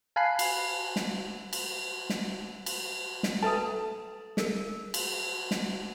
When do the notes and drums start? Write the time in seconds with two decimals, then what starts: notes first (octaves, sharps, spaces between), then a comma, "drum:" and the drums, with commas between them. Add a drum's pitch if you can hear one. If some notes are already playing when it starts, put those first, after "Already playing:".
0.16 F5 G#5 A5 B5 F#6 C7
0.39 drum: cymbal
0.96 drum: snare
1.53 drum: cymbal
2.10 drum: snare
2.66 drum: cymbal
3.23 drum: snare
3.43 A4 B4 A5 D#6
4.37 G#4 A#4, drum: snare
4.94 drum: cymbal
5.51 drum: snare